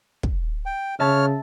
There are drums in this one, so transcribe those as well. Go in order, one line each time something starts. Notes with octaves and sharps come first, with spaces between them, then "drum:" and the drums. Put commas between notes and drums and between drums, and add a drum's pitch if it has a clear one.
drum: kick
G5
C#3 C#5 E5 A5 F6